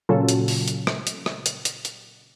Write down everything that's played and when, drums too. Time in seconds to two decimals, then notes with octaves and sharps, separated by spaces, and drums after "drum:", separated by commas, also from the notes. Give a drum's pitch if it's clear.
0.09 A#2 C#3 F#3 C#4 F4 A4
0.29 drum: hi-hat
0.48 drum: open hi-hat
0.68 drum: hi-hat
0.87 drum: rim click
1.07 drum: hi-hat
1.26 drum: rim click
1.46 drum: hi-hat
1.65 drum: hi-hat
1.85 drum: hi-hat